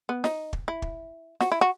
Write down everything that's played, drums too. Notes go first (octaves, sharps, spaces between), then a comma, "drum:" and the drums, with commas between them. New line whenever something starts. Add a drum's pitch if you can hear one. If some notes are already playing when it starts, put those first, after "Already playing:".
B3
D#4, drum: snare
drum: kick
E4
drum: kick
F#4, drum: snare
E4
F#4